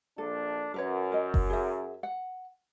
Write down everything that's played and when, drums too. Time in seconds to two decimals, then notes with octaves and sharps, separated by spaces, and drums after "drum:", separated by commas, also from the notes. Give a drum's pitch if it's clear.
0.18 A#1 D4 A4
0.74 F#2 A#4 B4 C#5
1.12 A#4 D#5
1.34 drum: kick F#1
1.50 G#4 E5
2.03 F#5